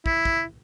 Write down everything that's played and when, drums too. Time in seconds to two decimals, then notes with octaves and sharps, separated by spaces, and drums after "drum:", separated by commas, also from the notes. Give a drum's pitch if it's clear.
0.06 E4, drum: kick
0.25 drum: kick